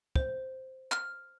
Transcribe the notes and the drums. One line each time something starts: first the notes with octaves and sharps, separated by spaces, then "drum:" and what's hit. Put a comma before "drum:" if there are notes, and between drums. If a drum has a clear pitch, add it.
C5, drum: kick
F6, drum: clap